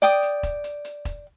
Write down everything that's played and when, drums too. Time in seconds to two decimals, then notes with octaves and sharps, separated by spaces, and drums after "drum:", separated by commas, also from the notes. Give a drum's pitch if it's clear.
0.02 D5 G5 D#6, drum: hi-hat
0.23 drum: hi-hat
0.43 drum: kick E1, hi-hat
0.64 drum: hi-hat
0.85 drum: hi-hat
1.05 drum: kick E1, hi-hat